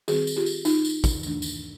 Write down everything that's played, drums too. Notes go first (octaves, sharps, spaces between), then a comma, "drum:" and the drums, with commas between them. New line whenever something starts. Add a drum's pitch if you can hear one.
D#3 G3 C4 F#4 G#4, drum: tambourine
drum: tambourine
F4 G4
drum: tambourine
D#4 F4, drum: tambourine
drum: tambourine
drum: kick, tambourine
E3 A3 D4, drum: tambourine
drum: tambourine